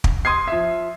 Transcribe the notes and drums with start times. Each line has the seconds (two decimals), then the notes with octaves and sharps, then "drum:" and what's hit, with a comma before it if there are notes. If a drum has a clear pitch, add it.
0.04 drum: kick
0.25 C6 D#6 G#6 C7
0.47 F3 E5